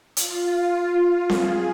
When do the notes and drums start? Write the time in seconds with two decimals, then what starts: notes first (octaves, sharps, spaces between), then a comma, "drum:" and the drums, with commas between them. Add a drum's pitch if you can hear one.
0.17 F4, drum: hi-hat
1.29 G#4, drum: snare C4